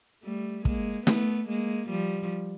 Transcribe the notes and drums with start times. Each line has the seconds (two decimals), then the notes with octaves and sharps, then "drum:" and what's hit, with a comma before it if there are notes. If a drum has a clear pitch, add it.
0.23 G3 A3
0.65 G#3 A#3, drum: kick
1.07 A3 B3, drum: snare
1.48 G#3 A#3
1.90 F3 G3